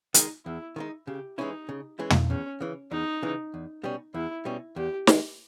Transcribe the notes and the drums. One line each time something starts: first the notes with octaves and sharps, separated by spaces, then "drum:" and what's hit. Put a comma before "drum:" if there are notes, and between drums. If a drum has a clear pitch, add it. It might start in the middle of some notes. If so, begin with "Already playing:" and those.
D#3 G#3 D#4, drum: hi-hat
E2 E4
D#3 G#3 D#4
C#3 G4
E3 G#3 C#4 D#4 E4
C#3
E3 G#3 C#4 E4
drum: tom
E2 C#4
C#3 E3
E2 D#4
C#3 E3
E2
B2 G3 C#4
E2 E4
B2 G3 C#4
E2 G4
D#3 G#3, drum: snare